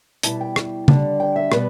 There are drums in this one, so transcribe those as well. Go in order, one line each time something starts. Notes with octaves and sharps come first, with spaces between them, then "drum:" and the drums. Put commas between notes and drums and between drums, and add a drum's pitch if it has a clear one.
B2 G3 E4 A5, drum: hi-hat
G5
G5, drum: rim click
D3 G3 D4, drum: tom C#3
G5
E5
B2 G3 B3 B4, drum: rim click